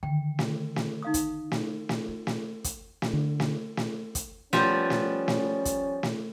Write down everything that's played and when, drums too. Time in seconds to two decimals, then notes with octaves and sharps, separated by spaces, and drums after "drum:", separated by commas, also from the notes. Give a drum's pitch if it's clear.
0.03 D3 D#3 G5
0.39 drum: snare
0.76 drum: snare
1.03 D#4 F5 D#6
1.14 drum: kick, hi-hat
1.51 drum: snare
1.89 drum: snare
2.08 F4
2.27 drum: snare
2.64 drum: kick, hi-hat
3.02 drum: snare
3.13 D3
3.40 drum: snare
3.77 drum: snare
4.15 drum: kick, hi-hat
4.53 F3 G3 B3 C#4, drum: snare
4.90 drum: snare
5.28 drum: snare
5.65 drum: kick, hi-hat
6.03 drum: snare